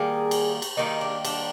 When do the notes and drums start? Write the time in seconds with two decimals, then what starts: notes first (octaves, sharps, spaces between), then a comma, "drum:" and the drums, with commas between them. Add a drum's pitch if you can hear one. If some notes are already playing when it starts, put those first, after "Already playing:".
Already playing: D#3 G3 A#3 G#4
0.31 drum: cymbal
0.62 drum: cymbal
0.77 D#3 G3 A#3 D#4
1.01 D4
1.25 D4, drum: cymbal